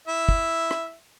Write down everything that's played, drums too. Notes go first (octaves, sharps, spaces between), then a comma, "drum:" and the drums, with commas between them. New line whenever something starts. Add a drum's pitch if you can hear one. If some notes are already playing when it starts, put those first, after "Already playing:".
E4 E5
drum: kick
drum: rim click